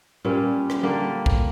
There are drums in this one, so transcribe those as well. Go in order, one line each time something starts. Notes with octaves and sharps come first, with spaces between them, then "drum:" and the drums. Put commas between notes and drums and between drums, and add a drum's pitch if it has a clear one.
A#2 G3 C#4
drum: rim click
D3 G3 A#3
drum: kick B1